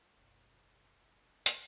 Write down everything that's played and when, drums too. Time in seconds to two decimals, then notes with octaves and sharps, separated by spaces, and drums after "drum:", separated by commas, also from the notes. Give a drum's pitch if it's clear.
0.16 F#1 B1
1.46 drum: hi-hat